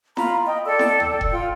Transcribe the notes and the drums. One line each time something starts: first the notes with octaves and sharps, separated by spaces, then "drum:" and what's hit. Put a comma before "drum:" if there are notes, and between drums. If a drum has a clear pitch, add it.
F4 A#5 B5, drum: snare E4
D#5 G5
A4 D5 G5 E6
drum: snare E4
drum: tom D2
drum: kick E1
F4 G5